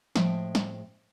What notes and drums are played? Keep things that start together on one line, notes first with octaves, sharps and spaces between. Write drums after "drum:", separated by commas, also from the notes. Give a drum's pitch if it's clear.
A2 F3 G#3 E5 G5, drum: snare
drum: snare